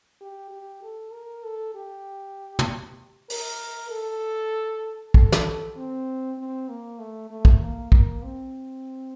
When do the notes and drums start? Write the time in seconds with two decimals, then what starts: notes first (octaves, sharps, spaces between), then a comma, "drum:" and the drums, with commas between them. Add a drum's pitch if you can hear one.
0.21 G4
0.51 G4
0.83 A4
1.13 A#4
1.44 A4
1.75 G4
2.59 drum: tom
3.30 A#4, drum: open hi-hat
3.90 A4
5.14 A4, drum: kick
5.32 drum: snare
5.76 C4
6.38 C4
6.69 A#3
6.99 A3
7.30 A3
7.45 drum: kick
7.61 A#3
7.92 A#3, drum: kick
8.23 C4